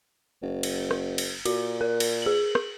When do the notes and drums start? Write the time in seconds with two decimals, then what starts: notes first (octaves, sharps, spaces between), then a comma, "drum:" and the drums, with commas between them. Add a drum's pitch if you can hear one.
0.42 F#1
0.63 drum: cymbal
0.91 drum: rim click
1.18 drum: cymbal
1.46 A#2 F#4, drum: cymbal
1.81 A#4
2.00 drum: cymbal
2.22 G#4 F#7
2.55 drum: rim click